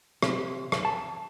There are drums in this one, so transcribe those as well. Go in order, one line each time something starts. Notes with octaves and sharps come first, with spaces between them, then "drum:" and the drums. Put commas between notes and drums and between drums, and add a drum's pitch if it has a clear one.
C3, drum: rim click
drum: rim click
A5